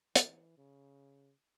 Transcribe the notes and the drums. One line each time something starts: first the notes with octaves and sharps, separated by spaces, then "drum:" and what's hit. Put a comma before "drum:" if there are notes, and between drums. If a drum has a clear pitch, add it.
E3, drum: hi-hat
C#3